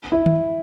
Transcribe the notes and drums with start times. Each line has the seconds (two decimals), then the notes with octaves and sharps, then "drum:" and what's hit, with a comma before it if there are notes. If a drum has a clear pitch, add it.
0.12 E4
0.26 drum: tom D#3